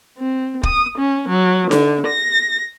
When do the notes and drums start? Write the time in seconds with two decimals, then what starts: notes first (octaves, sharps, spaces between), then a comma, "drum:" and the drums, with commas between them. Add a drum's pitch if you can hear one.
0.18 C4
0.63 D#6, drum: kick
0.98 C#4
1.29 F#3
1.71 D3, drum: snare D#4
2.07 A#6